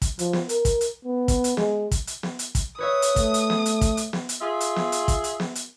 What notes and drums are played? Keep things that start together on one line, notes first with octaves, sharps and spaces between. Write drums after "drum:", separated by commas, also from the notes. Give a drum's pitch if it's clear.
drum: kick, hi-hat
F3, drum: hi-hat
drum: snare
A#4, drum: hi-hat
drum: kick, hi-hat
drum: hi-hat
B3
drum: kick, hi-hat
drum: hi-hat
G#3, drum: snare
drum: kick, hi-hat
drum: hi-hat
drum: snare
drum: hi-hat
drum: kick, hi-hat
B4 C#5 E5 D#6
drum: hi-hat
A3, drum: kick, hi-hat
drum: hi-hat
drum: snare
drum: hi-hat
drum: kick, hi-hat
drum: hi-hat
drum: snare
drum: hi-hat
F4 G#4 E5
drum: hi-hat
drum: snare
drum: hi-hat
drum: kick, hi-hat
drum: hi-hat
drum: snare
drum: hi-hat